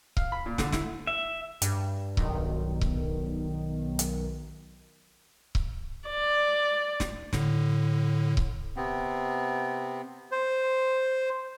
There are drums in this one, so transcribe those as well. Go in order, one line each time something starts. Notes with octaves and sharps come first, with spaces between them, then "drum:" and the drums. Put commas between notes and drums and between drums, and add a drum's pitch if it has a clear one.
F5, drum: kick C#1
B5
A#2
D3, drum: snare
E4, drum: snare
E5
G2, drum: hi-hat
B1 D#3, drum: kick C#1
drum: kick C#1
drum: hi-hat
drum: kick C#1
D5
drum: snare
A2 D3, drum: snare
drum: kick C#1
C3 B3 C4
C5